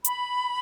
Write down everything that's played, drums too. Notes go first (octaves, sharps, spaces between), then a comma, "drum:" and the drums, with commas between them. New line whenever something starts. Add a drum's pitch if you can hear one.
B5, drum: hi-hat